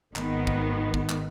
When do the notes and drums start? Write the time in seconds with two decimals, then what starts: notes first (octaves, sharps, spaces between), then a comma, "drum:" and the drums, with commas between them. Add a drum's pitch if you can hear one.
0.16 G#1 G#2 D#3 B3, drum: clap
0.47 drum: kick
0.94 drum: kick
1.09 drum: clap